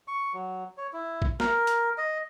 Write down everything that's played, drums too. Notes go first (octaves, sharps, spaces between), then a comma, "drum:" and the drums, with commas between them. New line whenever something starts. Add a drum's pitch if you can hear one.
C#6
F#3
C#5
E4
drum: kick A#1
A#4, drum: snare
drum: hi-hat
D#5